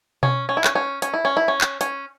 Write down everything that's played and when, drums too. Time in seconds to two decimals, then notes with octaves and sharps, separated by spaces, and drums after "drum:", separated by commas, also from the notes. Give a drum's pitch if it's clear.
0.23 C#4, drum: tom B2
0.49 C#4
0.57 E4
0.64 C#4, drum: clap
0.75 C#4
1.02 C#4, drum: hi-hat
1.14 E4
1.25 C#4
1.37 E4
1.48 C#4
1.61 drum: clap
1.81 C#4, drum: hi-hat